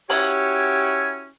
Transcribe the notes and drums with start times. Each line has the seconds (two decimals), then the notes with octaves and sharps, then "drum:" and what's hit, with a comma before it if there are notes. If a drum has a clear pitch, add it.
0.10 C#4 E4 F#4 G4 C#5, drum: open hi-hat